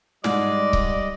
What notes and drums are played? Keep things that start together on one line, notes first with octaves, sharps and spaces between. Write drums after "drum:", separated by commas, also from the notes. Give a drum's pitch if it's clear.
G#2 G3 D5 D#5, drum: snare
drum: kick C#1